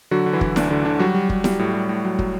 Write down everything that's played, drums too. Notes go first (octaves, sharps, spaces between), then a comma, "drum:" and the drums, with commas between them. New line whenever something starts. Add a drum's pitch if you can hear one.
D3 F#3 F#4
D3
E3 E4
D3, drum: kick
D2 D4, drum: snare E4
D3 D4
D3 D4
F#3 G3 F#4
G3
G3, drum: kick
G3, drum: snare E4
A2
G3
A2
F#3
F#3, drum: kick